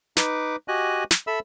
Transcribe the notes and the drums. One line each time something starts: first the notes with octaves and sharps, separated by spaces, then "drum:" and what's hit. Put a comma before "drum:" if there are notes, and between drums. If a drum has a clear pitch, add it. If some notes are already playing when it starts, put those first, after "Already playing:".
D#4 B4 D6, drum: snare
F#4 G4 D#5 G#5 F#6
drum: snare
A4 E5 B5 E6